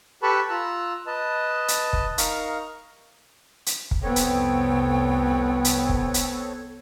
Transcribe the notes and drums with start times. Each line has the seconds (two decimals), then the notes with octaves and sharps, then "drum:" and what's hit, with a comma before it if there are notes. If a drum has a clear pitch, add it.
0.23 G4 A4 B4 A5 B5 C#6
0.50 F4 A#5 E6 F#6
1.07 B4 D#5 A5
1.68 drum: hi-hat
1.93 drum: kick
2.18 D#4 A#4 F5 A#5 C#6, drum: hi-hat
3.66 drum: hi-hat
3.91 drum: kick
4.03 F1 C2 F2 B3 C4 A4 C#5 G5
4.16 drum: hi-hat
5.65 drum: hi-hat
5.89 drum: kick
6.14 drum: hi-hat